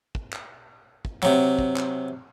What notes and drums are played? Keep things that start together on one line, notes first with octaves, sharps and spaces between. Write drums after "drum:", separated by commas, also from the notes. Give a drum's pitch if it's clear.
drum: kick
drum: clap
drum: kick
C3 F#3, drum: clap
drum: kick
drum: clap